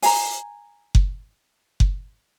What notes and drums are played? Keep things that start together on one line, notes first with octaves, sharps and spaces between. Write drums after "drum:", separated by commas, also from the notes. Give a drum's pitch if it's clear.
G#5 A#5, drum: open hi-hat
drum: kick F#1
drum: kick F#1